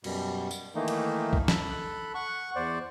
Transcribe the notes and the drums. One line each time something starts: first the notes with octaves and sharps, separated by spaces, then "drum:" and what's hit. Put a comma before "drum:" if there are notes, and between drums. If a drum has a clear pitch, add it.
F#2 B2 G3, drum: cymbal
drum: tambourine
D#3 E3 A3 A#3 D#4
drum: cymbal
drum: kick
A4 B5 F#6, drum: snare
F#5 C#6
E2 C5 D5